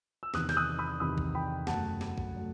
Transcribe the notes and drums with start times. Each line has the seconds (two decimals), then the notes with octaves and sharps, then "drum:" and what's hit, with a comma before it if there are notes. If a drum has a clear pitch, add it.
0.23 E6
0.34 E2 C3 D#3 D#6 F#6, drum: snare
0.49 G6, drum: snare
0.56 D#6 F#6
0.79 B5 D#6
1.00 E2 C3 D#3 B5 D#6
1.18 drum: kick
1.35 G5 B5
1.67 F#1 F#2 F#3 A3 F#5 A5, drum: snare
2.01 drum: snare
2.18 drum: kick
2.36 F#3 A3